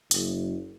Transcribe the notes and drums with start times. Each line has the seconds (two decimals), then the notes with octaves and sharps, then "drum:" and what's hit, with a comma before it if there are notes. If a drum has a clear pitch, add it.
0.11 F#1, drum: hi-hat